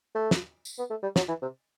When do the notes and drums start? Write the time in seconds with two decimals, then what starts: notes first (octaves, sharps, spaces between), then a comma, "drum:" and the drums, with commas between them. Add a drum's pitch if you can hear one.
0.15 A3
0.31 drum: snare
0.65 drum: tambourine
0.79 B3
0.90 A3
1.03 G3
1.16 F#3, drum: snare
1.28 E3
1.42 C3